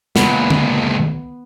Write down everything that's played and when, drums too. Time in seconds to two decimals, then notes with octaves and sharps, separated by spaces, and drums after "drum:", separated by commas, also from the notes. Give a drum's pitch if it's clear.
0.16 C#2 A#2 B3, drum: snare
0.50 drum: tom D3